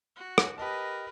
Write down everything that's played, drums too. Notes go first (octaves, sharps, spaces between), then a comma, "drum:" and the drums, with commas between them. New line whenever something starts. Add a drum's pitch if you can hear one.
F#4
drum: rim click
G4 A#4 B4 D#5 A5